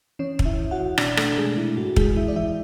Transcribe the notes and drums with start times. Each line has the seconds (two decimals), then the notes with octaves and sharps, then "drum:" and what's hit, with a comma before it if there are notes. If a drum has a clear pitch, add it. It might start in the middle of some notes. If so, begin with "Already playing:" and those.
0.19 E3 C#4 C#5
0.39 E3, drum: kick
0.45 E4 E5
0.59 E3
0.71 F#4 F#5
0.78 E3
0.98 B2 D4 D5, drum: rim click
1.17 B2 A3 A4, drum: rim click
1.38 B2 G#3 G#4
1.57 B2 E4
1.77 G#2 F#4
1.96 E3 G#3 G#4, drum: kick
2.16 E3 E4 E5
2.28 D5
2.36 E3 E4 E5